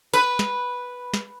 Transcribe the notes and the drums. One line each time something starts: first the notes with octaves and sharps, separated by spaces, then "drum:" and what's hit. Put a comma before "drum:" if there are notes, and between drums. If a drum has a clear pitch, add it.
B4, drum: hi-hat
drum: snare
drum: snare